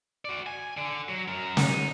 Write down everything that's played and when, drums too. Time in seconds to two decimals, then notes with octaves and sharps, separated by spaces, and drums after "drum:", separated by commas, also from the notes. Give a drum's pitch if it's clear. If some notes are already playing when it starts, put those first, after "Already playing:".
0.25 F#4 D5
0.46 G#5
0.77 D3
1.09 F#3
1.28 F#2 A#4
1.57 D#4, drum: snare